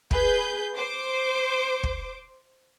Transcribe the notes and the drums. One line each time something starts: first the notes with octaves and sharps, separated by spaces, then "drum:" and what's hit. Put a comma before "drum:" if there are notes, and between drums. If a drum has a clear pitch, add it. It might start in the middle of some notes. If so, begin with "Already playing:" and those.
G#4 B4 G6, drum: kick
C5 D6
drum: kick